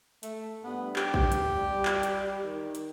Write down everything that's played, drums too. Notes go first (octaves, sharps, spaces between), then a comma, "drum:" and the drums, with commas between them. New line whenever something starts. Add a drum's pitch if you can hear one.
A3, drum: hi-hat
G2 B3
G4, drum: clap
drum: kick
drum: hi-hat
G3
drum: clap
drum: hi-hat
D#3
drum: hi-hat